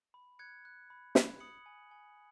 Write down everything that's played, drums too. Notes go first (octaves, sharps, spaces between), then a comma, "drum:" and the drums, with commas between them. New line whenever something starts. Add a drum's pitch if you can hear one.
B5
F#6 G#6 C#7
F#6
B5
B5, drum: snare
D#6 C#7 F#7
G#5
G#5